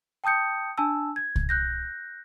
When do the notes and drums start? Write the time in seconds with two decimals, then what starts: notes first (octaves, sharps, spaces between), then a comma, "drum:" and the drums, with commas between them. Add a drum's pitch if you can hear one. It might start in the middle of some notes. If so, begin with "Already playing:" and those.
0.24 G5 A5 D#6 G6 C#7
0.78 D4 G#5 A5 E6
1.16 G#6
1.36 drum: kick C2
1.49 F#6 G6 A#6